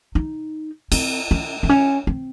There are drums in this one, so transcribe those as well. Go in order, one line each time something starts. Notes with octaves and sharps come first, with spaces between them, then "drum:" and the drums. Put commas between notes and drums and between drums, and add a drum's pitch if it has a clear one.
D#4
C4, drum: cymbal
C#4
C4
C#4
C4